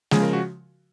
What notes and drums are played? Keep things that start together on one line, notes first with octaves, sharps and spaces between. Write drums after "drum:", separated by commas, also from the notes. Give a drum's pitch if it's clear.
C#3 F3 G#3 G#4, drum: snare G#3
A#4
F#4